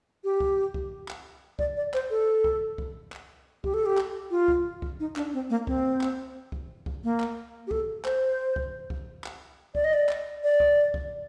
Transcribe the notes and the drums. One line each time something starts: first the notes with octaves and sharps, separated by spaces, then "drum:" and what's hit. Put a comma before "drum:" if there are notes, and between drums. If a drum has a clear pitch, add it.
G4
drum: kick
drum: kick
drum: clap
D5, drum: kick
D5
C5, drum: clap
A4
drum: kick
drum: kick
drum: clap
G4, drum: kick
A4
G4
drum: clap
F4
drum: kick
drum: kick
D#4
D4, drum: clap
C4
A#3
C4, drum: kick
drum: clap
drum: kick
drum: kick
A#3
drum: clap
G4
A4, drum: kick
C5, drum: clap
drum: kick
drum: kick
drum: clap
D5, drum: kick
D#5
D5
drum: clap
D5
drum: kick
drum: kick